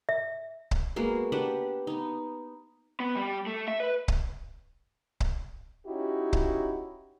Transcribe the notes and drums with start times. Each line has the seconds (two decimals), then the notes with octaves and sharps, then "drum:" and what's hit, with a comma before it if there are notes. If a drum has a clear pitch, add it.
0.09 E5
0.71 drum: kick C#1
0.96 G#3 A#3 B3 F#4
1.32 D4 G4 B4 F#5
1.87 B3 D#4
3.00 B3
3.16 G3
3.46 A3
3.68 E5
3.80 B4
4.08 drum: kick C#1
5.20 drum: kick C#1
5.87 C#4 D#4 E4 F#4 G4
6.33 drum: kick C#1